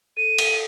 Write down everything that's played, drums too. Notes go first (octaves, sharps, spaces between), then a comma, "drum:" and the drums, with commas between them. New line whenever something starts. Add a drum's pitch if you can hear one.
A4 D#7
A4, drum: cymbal